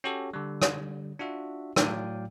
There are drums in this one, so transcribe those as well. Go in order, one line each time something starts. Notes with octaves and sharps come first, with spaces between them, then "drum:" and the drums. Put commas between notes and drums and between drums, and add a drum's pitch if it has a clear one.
C#4 F#4 G4 A4 C#5
D3 G3
drum: rim click
D4 F4 F#4 E5
A2 F#3 D5 F5 G5, drum: rim click